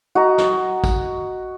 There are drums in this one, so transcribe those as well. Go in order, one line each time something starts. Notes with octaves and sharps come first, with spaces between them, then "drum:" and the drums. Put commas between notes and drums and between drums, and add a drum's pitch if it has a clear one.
F#4 D#5 A#5
drum: snare
drum: kick, tambourine